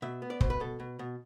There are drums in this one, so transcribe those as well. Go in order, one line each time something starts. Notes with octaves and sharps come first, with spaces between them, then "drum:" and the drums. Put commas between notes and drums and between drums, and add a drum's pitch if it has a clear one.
B2 E5
B3
D5
B2 C5, drum: kick
B4
B2 A4
B2
B2